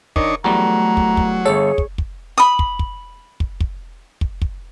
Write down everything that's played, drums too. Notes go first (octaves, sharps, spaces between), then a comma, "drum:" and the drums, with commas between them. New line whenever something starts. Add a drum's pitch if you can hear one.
D#3 D4 D#4 C#5, drum: kick
E2 F#3 G3 A3 A#5
drum: kick
drum: kick
G1 G#4 A4 C#5
drum: kick
drum: kick
B5 D#6
drum: kick
drum: kick
drum: kick
drum: kick
drum: kick
drum: kick